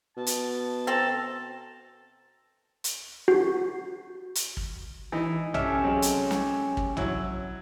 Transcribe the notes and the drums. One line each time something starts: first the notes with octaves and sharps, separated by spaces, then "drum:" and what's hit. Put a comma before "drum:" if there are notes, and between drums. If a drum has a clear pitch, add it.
B2 A5
drum: hi-hat
C4 A4 A5 A#5
drum: hi-hat
F#4
drum: hi-hat
drum: kick
E3 D#4
C#4 G4 A4 E5 F6, drum: tom A#1
C3 F#3 G#3
drum: hi-hat
drum: snare
drum: kick
F#3 E4, drum: tom A#1